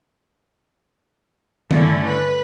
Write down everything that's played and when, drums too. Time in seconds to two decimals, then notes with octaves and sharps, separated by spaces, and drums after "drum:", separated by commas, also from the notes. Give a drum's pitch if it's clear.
1.71 G2 D3 A3 C#4 E4, drum: tom D#3
2.06 B4